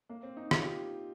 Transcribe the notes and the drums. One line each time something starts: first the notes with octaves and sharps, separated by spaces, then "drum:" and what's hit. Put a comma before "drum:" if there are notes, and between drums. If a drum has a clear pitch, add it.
A#3
C4
D#4
F4, drum: rim click
G4